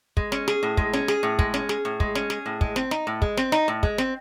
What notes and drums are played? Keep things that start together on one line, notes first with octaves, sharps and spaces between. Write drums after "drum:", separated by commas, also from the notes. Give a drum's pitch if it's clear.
G#3, drum: kick
C#4, drum: snare
G#4, drum: snare
A2
G#3, drum: kick
C#4, drum: snare
G#4, drum: snare
A2
G#3, drum: kick
C#4, drum: snare
G#4, drum: snare
A2
G#3, drum: kick
C#4, drum: snare
G#4, drum: snare
A2
G#3, drum: kick
C4, drum: snare
D#4, drum: snare
A2
G#3, drum: kick
C4, drum: snare
D#4, drum: snare
A2
G#3, drum: kick
C4, drum: snare